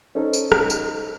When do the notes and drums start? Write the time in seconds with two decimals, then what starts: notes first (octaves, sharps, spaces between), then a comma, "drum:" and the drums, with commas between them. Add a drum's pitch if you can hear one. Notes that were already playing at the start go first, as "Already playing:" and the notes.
0.15 C#4 D#4 A4 C5
0.33 drum: tambourine
0.52 drum: rim click
0.70 drum: tambourine